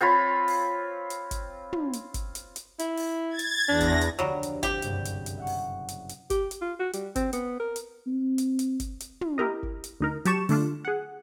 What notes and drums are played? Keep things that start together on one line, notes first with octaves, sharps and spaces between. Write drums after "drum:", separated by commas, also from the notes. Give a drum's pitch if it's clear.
C4 F4 C#5 B5
drum: open hi-hat
drum: hi-hat
drum: kick, hi-hat
drum: tom
drum: hi-hat
drum: kick, hi-hat
drum: hi-hat
drum: hi-hat
E4, drum: hi-hat
drum: open hi-hat
G#6 A6
drum: hi-hat
E2 D4 A#6
drum: kick, hi-hat
drum: hi-hat
F1 D2 F#3 G3 F4
drum: hi-hat
C4 G4, drum: kick, hi-hat
F#1 C2 G2, drum: hi-hat
drum: hi-hat
drum: hi-hat
E5 F#5 C#6
drum: open hi-hat
drum: hi-hat
drum: hi-hat
G4, drum: kick, hi-hat
drum: hi-hat
F4
F#4
G3, drum: hi-hat
C4, drum: kick, hi-hat
B3, drum: hi-hat
A#4
drum: hi-hat
C4
drum: hi-hat
drum: hi-hat
drum: kick, hi-hat
drum: hi-hat
drum: tom
E4 G4 A#4 D#5
drum: kick
drum: hi-hat
D2 D#4 A#4
F#3 G4 A5 C#6 E7, drum: hi-hat
D3 A3 D4 F4, drum: open hi-hat
G#4 F#5